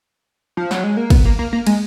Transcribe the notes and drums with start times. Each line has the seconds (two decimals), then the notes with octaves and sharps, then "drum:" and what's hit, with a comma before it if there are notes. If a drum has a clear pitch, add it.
0.57 F3
0.71 F#3, drum: snare
0.84 G#3
0.97 A#3
1.10 B3, drum: kick, cymbal
1.25 A#3
1.39 A#3
1.53 A#3
1.67 G#3, drum: cymbal